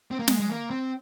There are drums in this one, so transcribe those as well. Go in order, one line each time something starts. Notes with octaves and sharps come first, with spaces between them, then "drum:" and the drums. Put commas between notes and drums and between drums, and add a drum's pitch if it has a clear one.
C4
A#3
G#3, drum: snare
G#3
A#3
C4